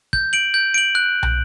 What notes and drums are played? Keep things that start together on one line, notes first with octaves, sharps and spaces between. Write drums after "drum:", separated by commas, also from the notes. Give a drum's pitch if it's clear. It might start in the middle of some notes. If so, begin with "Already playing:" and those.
G6, drum: kick
D7 F#7
G6
D7 F#7
F#6
drum: tom